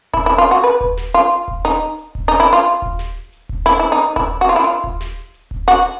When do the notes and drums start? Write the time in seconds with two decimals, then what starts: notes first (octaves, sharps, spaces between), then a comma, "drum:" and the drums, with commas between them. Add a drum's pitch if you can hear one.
0.14 E4, drum: kick D#1
0.26 E4
0.38 F4
0.51 F#4
0.64 B4, drum: hi-hat
0.81 drum: kick D#1
0.97 drum: snare
1.14 F4
1.31 drum: hi-hat
1.48 drum: kick D#1
1.65 D#4, drum: snare
1.98 drum: hi-hat
2.15 drum: kick D#1
2.28 D#4
2.40 E4
2.53 F4
2.82 drum: kick D#1
2.99 drum: snare
3.33 drum: hi-hat
3.49 drum: kick D#1
3.66 E4, drum: snare
3.79 E4
3.92 D#4
4.16 E4, drum: kick D#1
4.41 F#4
4.49 F4
4.56 E4
4.64 F4, drum: hi-hat
4.84 drum: kick D#1
5.01 drum: snare
5.34 drum: hi-hat
5.51 drum: kick D#1
5.68 F#4, drum: snare